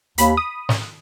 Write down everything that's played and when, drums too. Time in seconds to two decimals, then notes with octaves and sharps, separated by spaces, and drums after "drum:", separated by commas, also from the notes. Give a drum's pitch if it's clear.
0.18 D#2 B5, drum: hi-hat
0.37 D#6
0.69 drum: snare